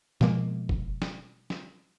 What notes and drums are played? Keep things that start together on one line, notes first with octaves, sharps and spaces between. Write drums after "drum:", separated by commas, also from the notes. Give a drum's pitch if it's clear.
B2 F3 G#3 A#3, drum: snare
drum: kick
drum: snare
drum: snare